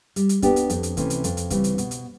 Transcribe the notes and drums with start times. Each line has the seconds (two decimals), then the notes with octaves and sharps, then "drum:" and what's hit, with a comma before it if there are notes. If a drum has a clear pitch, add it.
0.16 G3, drum: hi-hat
0.29 drum: hi-hat
0.42 B3 D4 G4, drum: kick C#2, hi-hat
0.56 drum: hi-hat
0.70 F2, drum: hi-hat
0.83 drum: hi-hat
0.97 C3 E3 A3 C#4, drum: kick C#2, hi-hat
1.10 drum: hi-hat
1.24 F2, drum: hi-hat
1.37 drum: hi-hat
1.50 C#3 E3 G3 C4, drum: kick C#2, hi-hat
1.64 drum: hi-hat
1.78 B2, drum: hi-hat
1.91 drum: hi-hat